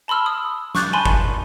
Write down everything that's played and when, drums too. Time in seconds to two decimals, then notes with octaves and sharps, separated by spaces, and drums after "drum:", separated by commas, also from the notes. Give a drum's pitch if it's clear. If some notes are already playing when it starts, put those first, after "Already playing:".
0.08 A5 B5 C6 E6 F6
0.26 D#6
0.75 C#6 D6 F#6 G6 A6, drum: snare
0.93 G#5 A5 B5 C6 D#7
1.06 drum: kick G1